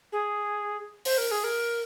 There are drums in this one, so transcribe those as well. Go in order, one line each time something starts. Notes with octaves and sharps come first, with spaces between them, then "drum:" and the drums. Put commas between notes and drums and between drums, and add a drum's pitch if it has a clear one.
G#4
C5, drum: open hi-hat
A#4
G#4
A#4